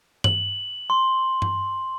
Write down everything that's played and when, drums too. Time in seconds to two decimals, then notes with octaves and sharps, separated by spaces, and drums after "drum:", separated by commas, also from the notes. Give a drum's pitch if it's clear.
0.24 F#7, drum: tom G2
0.90 C6
1.42 drum: tom G2